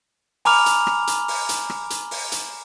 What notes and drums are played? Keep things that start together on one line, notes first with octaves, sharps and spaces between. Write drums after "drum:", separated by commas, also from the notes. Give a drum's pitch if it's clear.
G#5 A#5 B5 D6 F6 F7, drum: open hi-hat
drum: hi-hat
drum: rim click
drum: hi-hat
drum: open hi-hat
drum: hi-hat
drum: rim click
drum: hi-hat
drum: open hi-hat
drum: hi-hat